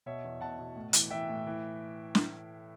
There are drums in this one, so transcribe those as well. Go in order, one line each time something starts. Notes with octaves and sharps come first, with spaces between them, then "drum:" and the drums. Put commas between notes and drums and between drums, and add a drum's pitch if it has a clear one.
B2 C#5 E5
E2
B2 F#5 A5
B2
A2
E3, drum: hi-hat
E3 E5 G5
A2
E3
drum: snare